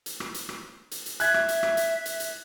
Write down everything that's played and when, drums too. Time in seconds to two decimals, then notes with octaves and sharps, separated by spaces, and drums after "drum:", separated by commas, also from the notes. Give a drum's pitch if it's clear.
0.06 drum: hi-hat
0.20 drum: rim click
0.34 drum: hi-hat
0.49 drum: rim click
0.91 drum: hi-hat
1.06 drum: hi-hat
1.20 E5 F#6 G#6, drum: hi-hat
1.34 drum: rim click
1.48 drum: hi-hat
1.63 drum: rim click
1.77 drum: hi-hat
2.06 drum: hi-hat
2.20 drum: hi-hat